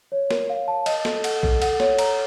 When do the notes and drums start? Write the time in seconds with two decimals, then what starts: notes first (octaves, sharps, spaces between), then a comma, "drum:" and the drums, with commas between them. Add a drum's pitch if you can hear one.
0.12 C#5
0.31 A#4, drum: snare
0.50 F5
0.68 A5
0.86 D#5, drum: cymbal
1.05 A4, drum: snare
1.24 F#5, drum: cymbal
1.43 A4, drum: kick A#1
1.62 F#5, drum: cymbal
1.80 C#5, drum: snare
1.99 A#5, drum: cymbal